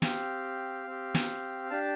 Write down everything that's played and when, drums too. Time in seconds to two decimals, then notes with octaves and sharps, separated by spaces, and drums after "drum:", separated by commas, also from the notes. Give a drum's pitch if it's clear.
0.02 C4 G4 F5, drum: snare
0.87 C4 G4
1.15 drum: snare
1.70 D4 G4 A5